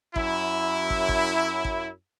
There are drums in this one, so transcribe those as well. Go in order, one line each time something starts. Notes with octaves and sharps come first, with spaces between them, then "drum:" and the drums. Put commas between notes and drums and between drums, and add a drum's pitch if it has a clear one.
F#2 E4, drum: kick
drum: kick
drum: kick
drum: kick